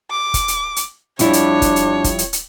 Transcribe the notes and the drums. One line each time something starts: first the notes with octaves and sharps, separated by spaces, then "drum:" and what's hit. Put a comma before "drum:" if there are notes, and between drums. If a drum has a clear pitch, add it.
D6
drum: kick, hi-hat
drum: hi-hat
drum: hi-hat
F2 G3 D4 E4 C#5, drum: hi-hat
drum: hi-hat
drum: kick, hi-hat
drum: hi-hat
drum: kick, hi-hat
drum: hi-hat
drum: hi-hat